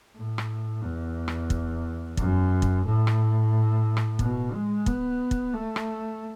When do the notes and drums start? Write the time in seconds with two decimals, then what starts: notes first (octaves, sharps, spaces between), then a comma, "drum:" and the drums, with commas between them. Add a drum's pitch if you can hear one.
0.16 A2
0.38 drum: rim click
0.83 E2
1.28 drum: rim click
1.50 drum: kick
2.17 F#2, drum: kick
2.62 drum: kick
2.84 A2
3.07 drum: rim click
3.97 drum: rim click
4.19 B2, drum: kick
4.53 G#3
4.86 B3, drum: kick
5.31 drum: kick
5.54 A3
5.76 drum: rim click